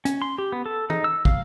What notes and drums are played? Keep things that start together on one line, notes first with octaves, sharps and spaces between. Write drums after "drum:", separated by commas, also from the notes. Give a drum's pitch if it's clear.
C#4, drum: hi-hat
C6
G4
B3
A4
D#4, drum: tom E3
E6
F5, drum: kick